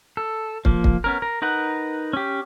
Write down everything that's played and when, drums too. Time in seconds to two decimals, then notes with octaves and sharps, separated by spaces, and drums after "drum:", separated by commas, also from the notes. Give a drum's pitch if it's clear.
0.17 A4
0.65 F3 A#3, drum: kick
0.84 drum: kick
1.04 B3 C#4 A#4
1.22 A#4
1.42 D#4 A#4 B4 F#5
2.13 C#4 G4